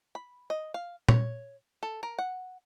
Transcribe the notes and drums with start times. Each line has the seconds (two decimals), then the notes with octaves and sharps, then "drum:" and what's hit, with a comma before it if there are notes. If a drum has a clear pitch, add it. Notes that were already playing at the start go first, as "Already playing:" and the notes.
0.15 B5
0.50 D#5
0.74 F5
1.09 C#5, drum: tom A#2
1.83 A4
2.03 A#4
2.19 F#5